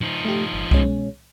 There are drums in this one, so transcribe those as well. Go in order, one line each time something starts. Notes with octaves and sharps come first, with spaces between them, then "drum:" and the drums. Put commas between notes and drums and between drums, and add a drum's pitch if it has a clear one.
F3 D#4
A3 G4
G1
B2 G#3 C#4, drum: kick C2